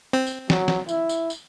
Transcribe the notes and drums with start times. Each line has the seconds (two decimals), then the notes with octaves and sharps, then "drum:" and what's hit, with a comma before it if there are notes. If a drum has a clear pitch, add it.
0.13 C4
0.27 drum: tambourine
0.50 F#3, drum: snare
0.68 drum: snare
0.89 E4, drum: tambourine
1.09 drum: tambourine
1.30 drum: tambourine